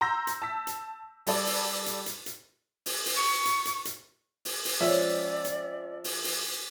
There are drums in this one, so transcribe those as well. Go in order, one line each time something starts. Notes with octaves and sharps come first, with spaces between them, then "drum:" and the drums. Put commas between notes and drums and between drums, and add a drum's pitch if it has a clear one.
A#5 C6 E6 G6 A#6
drum: hi-hat
A5 E6 B6
drum: hi-hat
G3 A4 D5, drum: open hi-hat
drum: open hi-hat
drum: hi-hat
drum: hi-hat
drum: hi-hat
drum: open hi-hat
drum: open hi-hat
C#6
drum: hi-hat
drum: hi-hat
drum: hi-hat
drum: open hi-hat
drum: open hi-hat
F3 G#3 C4 C#4 D5 E5
drum: hi-hat
drum: open hi-hat
drum: open hi-hat